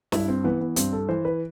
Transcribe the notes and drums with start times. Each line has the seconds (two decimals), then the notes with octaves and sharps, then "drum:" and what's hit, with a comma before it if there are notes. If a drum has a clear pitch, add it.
0.12 G2 E4, drum: snare
0.28 C4
0.44 E3 B3
0.61 B3
0.76 G2 C4, drum: hi-hat
0.93 A4
1.09 E3 C5
1.25 B4